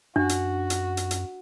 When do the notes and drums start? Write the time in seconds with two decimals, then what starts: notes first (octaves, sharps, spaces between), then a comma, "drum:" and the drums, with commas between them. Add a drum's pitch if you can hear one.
0.16 F#2 D4 F#4
0.29 drum: hi-hat
0.70 drum: hi-hat
0.97 drum: hi-hat
1.11 drum: hi-hat